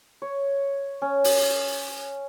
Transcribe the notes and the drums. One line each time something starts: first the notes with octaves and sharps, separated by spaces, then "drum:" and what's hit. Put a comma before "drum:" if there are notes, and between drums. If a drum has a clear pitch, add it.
C#5
C#4
drum: open hi-hat